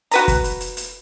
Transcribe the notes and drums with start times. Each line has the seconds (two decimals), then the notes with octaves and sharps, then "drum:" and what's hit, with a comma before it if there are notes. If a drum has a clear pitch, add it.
0.11 F#4 B4 A#5, drum: hi-hat
0.28 drum: kick, hi-hat
0.44 drum: hi-hat
0.60 drum: hi-hat
0.77 drum: hi-hat